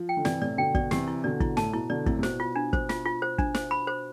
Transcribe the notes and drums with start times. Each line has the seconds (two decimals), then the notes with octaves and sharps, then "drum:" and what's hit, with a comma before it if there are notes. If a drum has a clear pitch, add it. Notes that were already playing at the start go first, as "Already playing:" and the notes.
Already playing: F3
0.09 G5
0.17 D3
0.25 C3 E3 D5, drum: snare
0.42 A2 C3 D5
0.58 B2 D3 G5
0.74 B2 D3 D5, drum: kick
0.91 C3 E3 G4, drum: snare
1.08 E4
1.24 B2 D3 D5
1.40 E4, drum: kick
1.57 A2 A5, drum: snare
1.73 B2 E4
1.90 B2 D3 D5
2.06 A2 C3 E4, drum: kick
2.19 C3
2.23 B2 C5, drum: snare
2.40 F4
2.56 D4
2.73 C5, drum: kick
2.89 F4, drum: snare
3.06 F4
3.22 C5
3.38 D4, drum: kick
3.54 C5, drum: snare
3.71 B5
3.87 C5